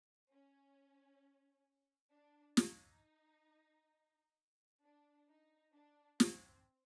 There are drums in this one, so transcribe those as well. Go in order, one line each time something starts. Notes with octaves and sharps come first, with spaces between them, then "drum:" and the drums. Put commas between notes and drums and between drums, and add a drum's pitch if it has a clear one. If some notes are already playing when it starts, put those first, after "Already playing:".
C#4
D4
D#4, drum: snare
D4
D#4
D4
C4, drum: snare